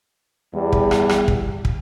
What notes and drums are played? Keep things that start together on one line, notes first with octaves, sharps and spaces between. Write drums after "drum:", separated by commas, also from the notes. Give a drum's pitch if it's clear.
E2 G3
drum: kick
drum: rim click
drum: rim click
drum: kick
drum: kick